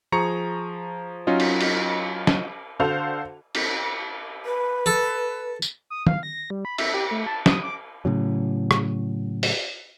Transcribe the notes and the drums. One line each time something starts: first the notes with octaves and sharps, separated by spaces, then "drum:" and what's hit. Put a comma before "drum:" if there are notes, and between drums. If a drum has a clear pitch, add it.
F3 G#4 A#5 C#6 C#7
F#3 C#4 D#4 F4 D#5
drum: cymbal
drum: cymbal
drum: snare
D3 F#4 A4 C5 F5 F7
drum: cymbal
B4
A4
drum: tambourine
D#6
F5, drum: tom
A#6
G3
B5
E5, drum: cymbal
G4
A3
A5
D#6, drum: snare
D6
A2 C#3 F#3
drum: rim click
drum: open hi-hat